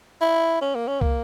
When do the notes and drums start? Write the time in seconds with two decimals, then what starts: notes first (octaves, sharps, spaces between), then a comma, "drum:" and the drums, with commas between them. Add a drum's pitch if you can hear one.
0.21 E4
0.62 C#4
0.75 A#3
0.88 C#4
1.01 A#3, drum: kick